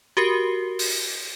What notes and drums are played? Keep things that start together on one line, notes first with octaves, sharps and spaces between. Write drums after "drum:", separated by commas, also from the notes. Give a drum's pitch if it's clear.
F#4 G4 A#4 C7
drum: open hi-hat